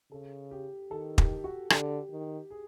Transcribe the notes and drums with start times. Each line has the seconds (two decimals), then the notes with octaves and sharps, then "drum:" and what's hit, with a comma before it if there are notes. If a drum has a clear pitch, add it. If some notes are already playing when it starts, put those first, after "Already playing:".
0.12 C#3 A4
0.51 G4
0.91 D#3 A4
1.18 G4, drum: kick
1.44 F#4
1.70 D3 G4, drum: rim click
2.11 D#3
2.50 G#4